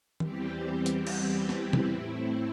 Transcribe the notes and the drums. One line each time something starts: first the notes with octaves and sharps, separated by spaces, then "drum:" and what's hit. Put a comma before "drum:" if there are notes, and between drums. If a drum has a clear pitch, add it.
E2 E3 G3 C4 G4, drum: tom D#3
drum: hi-hat
G4, drum: cymbal
E4, drum: snare
drum: tom
A2 A3 C4 E4